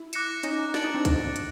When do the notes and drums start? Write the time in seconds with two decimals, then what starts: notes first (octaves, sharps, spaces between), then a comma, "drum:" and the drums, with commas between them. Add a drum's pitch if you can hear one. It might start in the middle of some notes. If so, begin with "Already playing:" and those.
Already playing: E4
0.13 D6 F#6 A#6 C#7 E7, drum: hi-hat
0.43 C#4 D#4, drum: hi-hat
0.74 D4 A6 D7 F#7, drum: snare
0.84 D#4
0.94 C4 D4
1.05 drum: kick C#2, hi-hat
1.36 drum: hi-hat